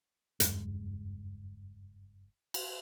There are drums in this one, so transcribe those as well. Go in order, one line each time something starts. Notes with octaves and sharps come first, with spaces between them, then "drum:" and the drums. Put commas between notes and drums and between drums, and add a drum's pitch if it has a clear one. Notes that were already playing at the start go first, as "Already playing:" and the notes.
F#1 E2 G2 G#3, drum: hi-hat
drum: cymbal